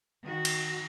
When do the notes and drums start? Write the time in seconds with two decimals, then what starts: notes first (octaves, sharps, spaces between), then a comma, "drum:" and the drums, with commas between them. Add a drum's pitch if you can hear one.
0.23 D#3 F#4
0.45 drum: cymbal